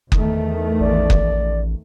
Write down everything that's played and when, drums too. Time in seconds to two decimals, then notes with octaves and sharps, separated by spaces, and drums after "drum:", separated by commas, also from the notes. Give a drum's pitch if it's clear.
0.12 E2 D#3 A3, drum: kick F#1
0.80 A1 D5
1.10 drum: kick F#1